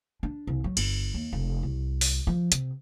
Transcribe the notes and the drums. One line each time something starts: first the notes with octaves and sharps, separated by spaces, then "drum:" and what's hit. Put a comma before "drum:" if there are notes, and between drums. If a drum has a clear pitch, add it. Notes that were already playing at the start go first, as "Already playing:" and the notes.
D4
C2
F#3
G1, drum: cymbal
D#2
F1
C2
drum: open hi-hat
F3
C3, drum: hi-hat